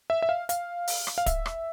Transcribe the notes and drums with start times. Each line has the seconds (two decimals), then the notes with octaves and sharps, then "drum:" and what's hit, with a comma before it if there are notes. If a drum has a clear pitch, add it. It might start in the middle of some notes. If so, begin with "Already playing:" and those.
0.10 E5
0.22 E5
0.29 F5
0.49 F5, drum: hi-hat
0.87 drum: open hi-hat
1.07 drum: rim click
1.18 F5
1.26 E5, drum: kick, hi-hat
1.46 drum: rim click